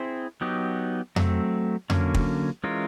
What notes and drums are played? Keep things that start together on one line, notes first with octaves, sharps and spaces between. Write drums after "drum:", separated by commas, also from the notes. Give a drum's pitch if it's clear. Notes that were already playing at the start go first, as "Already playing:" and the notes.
Already playing: C4 E4 G#4 C5
F#3 B3 D#4 G4
F#3 A3 C4, drum: tom F2
D3 F#3 A#3 C#4, drum: tom F2
drum: kick
E3 G#3 C#4 F4 A#4